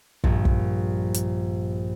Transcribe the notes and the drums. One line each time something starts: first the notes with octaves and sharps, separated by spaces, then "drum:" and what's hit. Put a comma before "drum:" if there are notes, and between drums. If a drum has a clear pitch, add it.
A#1 G2, drum: kick
drum: kick
drum: hi-hat